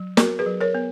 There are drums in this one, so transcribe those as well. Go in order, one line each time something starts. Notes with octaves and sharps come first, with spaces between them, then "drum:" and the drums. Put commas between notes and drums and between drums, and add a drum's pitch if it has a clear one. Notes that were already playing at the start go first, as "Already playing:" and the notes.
Already playing: F#3
B3 F#4 A#4, drum: snare
G#4 B4
F#3
A#4 C#5
B3